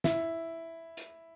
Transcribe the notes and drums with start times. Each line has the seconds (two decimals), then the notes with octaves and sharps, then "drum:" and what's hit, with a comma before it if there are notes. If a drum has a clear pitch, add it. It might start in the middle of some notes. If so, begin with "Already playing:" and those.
0.04 E4, drum: snare
0.97 drum: hi-hat